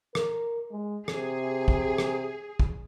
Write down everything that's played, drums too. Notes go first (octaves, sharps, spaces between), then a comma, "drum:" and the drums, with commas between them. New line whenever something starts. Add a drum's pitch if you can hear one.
A#4, drum: rim click
G#3
C3 G#4, drum: rim click
drum: kick A1
drum: rim click
drum: kick A1